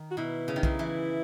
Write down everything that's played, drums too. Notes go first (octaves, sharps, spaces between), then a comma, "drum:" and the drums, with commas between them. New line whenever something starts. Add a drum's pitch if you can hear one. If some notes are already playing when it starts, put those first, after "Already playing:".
Already playing: D#3
F#4
B2 E4
C#3
D#3
C#3 E4, drum: kick
E3